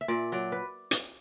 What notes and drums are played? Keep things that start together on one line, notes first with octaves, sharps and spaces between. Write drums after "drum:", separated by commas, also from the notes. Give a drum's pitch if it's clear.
E5
A#2 D5
F#3 D5
B4
drum: hi-hat